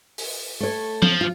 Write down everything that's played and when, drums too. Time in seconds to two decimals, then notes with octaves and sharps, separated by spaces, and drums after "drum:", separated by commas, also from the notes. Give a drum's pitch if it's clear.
0.18 drum: open hi-hat
0.60 A3 C#5
1.02 F3, drum: tom F3
1.21 F4